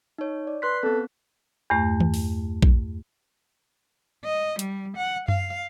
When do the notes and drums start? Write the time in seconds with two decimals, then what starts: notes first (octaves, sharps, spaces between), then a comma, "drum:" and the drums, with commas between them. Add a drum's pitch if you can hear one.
0.18 D#4 C#5
0.47 D5
0.62 B4 C6 F#6 B6
0.83 B3 C4 A4
1.70 E2 G2 A3
2.00 drum: tom D#3
2.14 drum: open hi-hat
2.62 drum: kick A#1
4.25 D#5
4.59 G3, drum: hi-hat
4.97 F#5
5.28 F5, drum: tom F#2